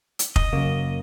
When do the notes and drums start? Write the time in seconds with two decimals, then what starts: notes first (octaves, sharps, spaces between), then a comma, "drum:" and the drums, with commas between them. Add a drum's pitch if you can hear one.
0.19 drum: hi-hat
0.36 D#5, drum: kick F1
0.53 F#2 C#3 A#3